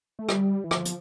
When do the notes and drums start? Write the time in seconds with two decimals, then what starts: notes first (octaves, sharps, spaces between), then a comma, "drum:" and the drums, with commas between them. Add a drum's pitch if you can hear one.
0.19 A3
0.29 G3, drum: rim click
0.64 E3
0.71 F3, drum: rim click
0.85 drum: hi-hat